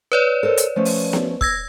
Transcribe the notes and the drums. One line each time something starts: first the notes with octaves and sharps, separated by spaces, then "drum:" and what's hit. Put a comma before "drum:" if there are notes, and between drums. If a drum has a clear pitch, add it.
B4 C#5 D5
A4 A#4 C5
drum: hi-hat
F3 A3 C#4
drum: open hi-hat
drum: snare B3
E6 G#6 A#6, drum: kick